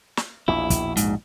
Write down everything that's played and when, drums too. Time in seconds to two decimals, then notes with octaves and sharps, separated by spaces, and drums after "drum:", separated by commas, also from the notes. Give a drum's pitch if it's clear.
0.17 drum: snare
0.48 A#1 E2 B2 E4
0.70 drum: kick, hi-hat
0.97 G#2, drum: hi-hat